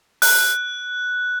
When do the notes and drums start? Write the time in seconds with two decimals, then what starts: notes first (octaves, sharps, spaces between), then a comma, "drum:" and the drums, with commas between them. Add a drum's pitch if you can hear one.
0.22 F#6, drum: open hi-hat